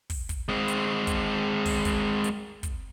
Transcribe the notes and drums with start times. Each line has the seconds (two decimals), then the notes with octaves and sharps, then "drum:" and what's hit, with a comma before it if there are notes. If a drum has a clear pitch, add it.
0.10 drum: kick, open hi-hat
0.29 drum: kick, hi-hat
0.49 G#3 C4
0.68 drum: hi-hat
1.07 drum: kick, hi-hat
1.66 drum: kick, open hi-hat
1.85 drum: kick, hi-hat
2.24 drum: hi-hat
2.63 drum: kick, hi-hat